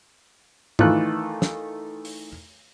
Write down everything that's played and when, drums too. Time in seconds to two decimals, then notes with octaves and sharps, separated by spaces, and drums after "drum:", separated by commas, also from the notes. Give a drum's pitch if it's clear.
0.79 D#3 E3 A3 F4 A4 F#6, drum: tom G#2
1.42 drum: snare
2.05 drum: open hi-hat